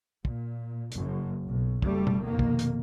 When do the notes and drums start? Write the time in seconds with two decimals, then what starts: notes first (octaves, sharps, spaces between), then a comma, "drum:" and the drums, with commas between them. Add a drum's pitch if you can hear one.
0.25 A#2, drum: kick
0.92 F#1 F#2, drum: hi-hat
1.44 B1
1.82 F#1 G3 A3, drum: kick
2.07 drum: tom B2
2.23 F1 B2 D#3 A#3
2.39 drum: kick
2.59 drum: hi-hat